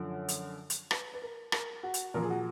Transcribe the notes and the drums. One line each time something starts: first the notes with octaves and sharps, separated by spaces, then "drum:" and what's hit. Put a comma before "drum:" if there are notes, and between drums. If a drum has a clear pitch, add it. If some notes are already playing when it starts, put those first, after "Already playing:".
Already playing: F#2 D3 F3
drum: hi-hat
drum: hi-hat
B4, drum: rim click
B4
A#4
A#4, drum: rim click
F#4
drum: hi-hat
A#2 F3 A#4
G#4
F#4